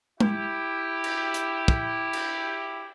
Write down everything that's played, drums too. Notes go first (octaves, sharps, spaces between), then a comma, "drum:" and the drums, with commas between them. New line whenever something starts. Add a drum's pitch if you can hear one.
E4 G4, drum: tom G#3
drum: cymbal
drum: hi-hat
drum: kick
drum: cymbal